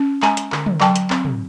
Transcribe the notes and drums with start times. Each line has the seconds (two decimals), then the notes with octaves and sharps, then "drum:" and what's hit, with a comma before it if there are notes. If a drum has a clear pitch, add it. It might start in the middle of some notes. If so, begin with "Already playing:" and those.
Already playing: C#4
0.22 G#3 G#5 A#5, drum: clap
0.37 drum: hi-hat
0.52 D3, drum: clap
0.66 drum: tom
0.80 F#3 G5 A5, drum: clap
0.96 drum: hi-hat
1.10 C4, drum: clap
1.25 drum: tom